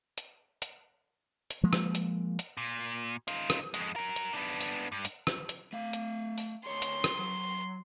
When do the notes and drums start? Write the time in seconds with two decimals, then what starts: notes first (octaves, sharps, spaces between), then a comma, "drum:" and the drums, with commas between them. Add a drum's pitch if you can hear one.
0.18 drum: hi-hat
0.62 drum: hi-hat
1.50 drum: hi-hat
1.63 F3 G#3 A#3
1.73 drum: rim click
1.95 drum: hi-hat
2.39 drum: hi-hat
2.57 A#2
3.28 D#4 F4, drum: hi-hat
3.50 drum: rim click
3.74 F2 G#3, drum: hi-hat
3.96 F#3 A#4
4.16 drum: hi-hat
4.33 B3 D4
4.60 drum: open hi-hat
4.92 G2
5.05 drum: hi-hat
5.27 drum: rim click
5.49 drum: hi-hat
5.73 A3 F5
5.93 drum: hi-hat
6.38 drum: open hi-hat
6.67 D2 C#5 C6
6.82 drum: hi-hat
7.04 drum: rim click
7.18 F#3